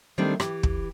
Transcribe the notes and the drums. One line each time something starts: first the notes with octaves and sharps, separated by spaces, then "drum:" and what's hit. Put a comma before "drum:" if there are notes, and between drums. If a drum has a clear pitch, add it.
D#3 G3 A3 C4 D4
E3 G4, drum: rim click
drum: kick